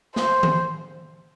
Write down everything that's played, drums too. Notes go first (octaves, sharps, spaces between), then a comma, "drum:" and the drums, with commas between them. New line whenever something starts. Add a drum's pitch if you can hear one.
C5, drum: snare
drum: tom D#3